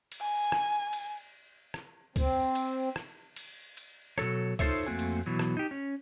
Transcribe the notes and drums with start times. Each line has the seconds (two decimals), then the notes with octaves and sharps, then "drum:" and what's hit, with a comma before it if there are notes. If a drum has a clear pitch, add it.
0.12 drum: cymbal
0.21 G#5
0.52 drum: rim click
0.93 drum: cymbal
1.74 drum: rim click
2.16 C4, drum: kick, cymbal
2.55 drum: cymbal
2.96 drum: rim click
3.36 drum: cymbal
3.77 drum: cymbal
4.18 B2 F#3 A4 C#5, drum: rim click
4.59 D#4 F4 A4 C5 C#5 E5, drum: kick, cymbal
4.86 F2 A3 A#3 C4 F#4 G#5
4.99 drum: cymbal
5.26 B2 E3 F#3
5.39 drum: rim click
5.57 D#4 G4
5.71 C#4